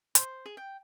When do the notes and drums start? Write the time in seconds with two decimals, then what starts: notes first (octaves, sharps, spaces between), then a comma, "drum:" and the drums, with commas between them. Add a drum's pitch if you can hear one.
0.15 C5, drum: hi-hat
0.46 G#4
0.57 G5